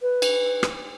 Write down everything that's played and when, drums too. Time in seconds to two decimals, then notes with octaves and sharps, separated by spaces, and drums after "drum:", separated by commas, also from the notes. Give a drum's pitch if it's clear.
0.02 B4
0.22 drum: cymbal
0.63 drum: rim click